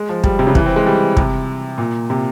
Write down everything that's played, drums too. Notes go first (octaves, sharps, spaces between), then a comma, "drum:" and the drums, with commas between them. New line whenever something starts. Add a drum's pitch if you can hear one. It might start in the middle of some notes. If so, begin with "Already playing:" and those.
Already playing: G#3
F3
G3, drum: kick
C3
C#3
E3, drum: kick
C4
G#3
G3
C3, drum: kick
A#2
C3